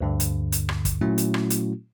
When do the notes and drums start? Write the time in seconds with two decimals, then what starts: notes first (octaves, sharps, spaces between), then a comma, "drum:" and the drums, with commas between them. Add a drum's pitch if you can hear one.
0.01 D2 G2 D3
0.20 drum: hi-hat
0.52 drum: hi-hat
0.69 drum: rim click
0.85 drum: kick, hi-hat
1.01 A#2 F#3 A3 C#4 E4 F#4
1.18 drum: hi-hat
1.34 drum: rim click
1.50 drum: hi-hat